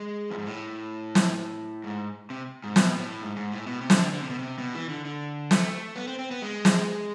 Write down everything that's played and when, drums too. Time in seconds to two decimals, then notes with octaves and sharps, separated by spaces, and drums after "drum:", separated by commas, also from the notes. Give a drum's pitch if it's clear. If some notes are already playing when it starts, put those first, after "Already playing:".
Already playing: G#3
0.31 F2
0.38 G#2
0.46 A2
1.15 drum: snare
1.84 G#2
2.30 C3
2.64 G#2
2.76 B2, drum: snare
2.98 A2
3.21 G#2
3.37 G#2
3.52 A2
3.67 B2
3.81 C3
3.90 D3, drum: snare
4.13 D3
4.22 C3
4.30 B2
4.39 C3
4.58 B2
4.75 E3
4.89 D3
5.05 D3
5.51 A3, drum: snare
5.96 B3
6.08 C4
6.19 C4
6.31 B3
6.42 G#3
6.65 drum: snare